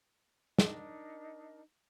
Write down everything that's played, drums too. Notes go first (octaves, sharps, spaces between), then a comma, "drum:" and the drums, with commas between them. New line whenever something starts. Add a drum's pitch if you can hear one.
D4 D#4 A#4 D#5, drum: snare